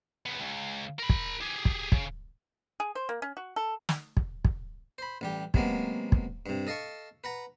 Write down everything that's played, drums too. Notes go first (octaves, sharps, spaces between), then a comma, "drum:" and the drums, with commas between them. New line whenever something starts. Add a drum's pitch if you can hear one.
C#2 B3
C#2
A#4 B5
drum: kick
G4 G#4
drum: kick
C#3, drum: kick
G#4
C5
A#3
C#4
F#4
A4
drum: snare
drum: kick
drum: kick
C5 B5
A1 G3 G4
C3 F#3 G#3 A#3 B3, drum: kick
drum: kick
G2 C3
A4 D#5 F5 A5 C#6
B4 F#5 A#5